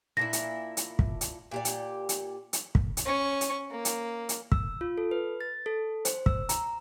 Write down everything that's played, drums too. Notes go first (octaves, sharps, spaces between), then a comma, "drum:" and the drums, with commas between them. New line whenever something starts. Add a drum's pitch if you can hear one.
A#2 D4 E4 A#6
drum: hi-hat
drum: hi-hat
drum: kick
drum: hi-hat
A#2 G4 D5
drum: hi-hat
drum: hi-hat
drum: hi-hat
drum: kick
drum: hi-hat
C#4 C#6
drum: hi-hat
A#3
drum: hi-hat
drum: hi-hat
E6, drum: kick
F4
A4
B4
A6
A4
C5, drum: hi-hat
E6, drum: kick
A#5, drum: hi-hat